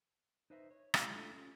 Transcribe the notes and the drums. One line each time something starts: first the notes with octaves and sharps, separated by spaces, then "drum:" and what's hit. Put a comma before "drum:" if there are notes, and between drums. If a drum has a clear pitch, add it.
D#4 B4 C5 D#5 E5
C#5
G#3 E4 G4 D5, drum: rim click
A3 D4 F4 A4
C#4 F4